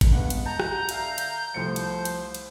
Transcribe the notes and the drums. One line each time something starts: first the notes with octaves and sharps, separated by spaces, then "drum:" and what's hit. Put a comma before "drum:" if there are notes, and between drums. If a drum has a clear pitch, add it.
drum: kick, cymbal
G2 G#3 B3 F#5
drum: cymbal
A5 A#5 G6
drum: rim click
D3 E5 F5, drum: cymbal
drum: cymbal
C2 F3 A3 C5 C#7
drum: cymbal
drum: cymbal
drum: cymbal